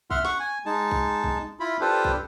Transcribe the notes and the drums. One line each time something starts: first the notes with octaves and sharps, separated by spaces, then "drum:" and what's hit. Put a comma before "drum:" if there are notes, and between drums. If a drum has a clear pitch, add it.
E5 F#5 C6 F6, drum: kick B1
F#5 C#6, drum: snare
G#5
G#3 D#4 A5
drum: kick B1
drum: kick B1
E4 F4 B5
D4 F4 G4 A4 B4 C5
drum: kick B1